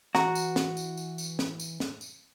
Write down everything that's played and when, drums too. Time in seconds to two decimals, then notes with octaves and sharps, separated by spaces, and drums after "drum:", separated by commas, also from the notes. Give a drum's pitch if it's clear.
0.15 E3 F#4 A#5, drum: snare
0.35 drum: tambourine
0.56 drum: snare
0.77 drum: tambourine
0.97 drum: tambourine
1.18 drum: tambourine
1.39 drum: snare
1.60 drum: tambourine
1.80 drum: snare
2.01 drum: tambourine